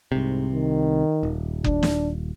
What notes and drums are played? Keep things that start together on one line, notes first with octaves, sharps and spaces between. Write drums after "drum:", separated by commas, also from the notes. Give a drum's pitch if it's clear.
C2 G#2 C3
D#3
D#1
D4, drum: kick F#1
drum: snare